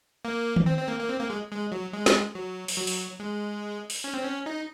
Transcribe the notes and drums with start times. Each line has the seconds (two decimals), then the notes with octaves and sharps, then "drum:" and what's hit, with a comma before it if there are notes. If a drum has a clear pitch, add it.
0.25 A#3
0.56 drum: tom D#3
0.66 C4
0.78 C4
0.88 A#3
0.99 A#3
1.09 C4
1.19 A#3
1.30 G#3
1.51 G#3
1.72 F#3
1.93 G#3
2.06 drum: snare
2.35 F#3
2.68 drum: open hi-hat
2.78 F#3
2.87 drum: open hi-hat
3.20 G#3
3.90 drum: open hi-hat
4.04 C#4
4.14 C4
4.23 C#4
4.46 D#4